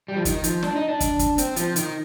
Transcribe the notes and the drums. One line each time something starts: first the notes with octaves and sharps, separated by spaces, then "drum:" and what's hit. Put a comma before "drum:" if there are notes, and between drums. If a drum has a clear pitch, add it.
G3
F3
D#3, drum: kick, hi-hat
F3, drum: hi-hat
D4, drum: snare
D#4
D4
drum: kick, hi-hat
drum: kick, hi-hat
C4, drum: hi-hat
F3, drum: hi-hat
D#3, drum: hi-hat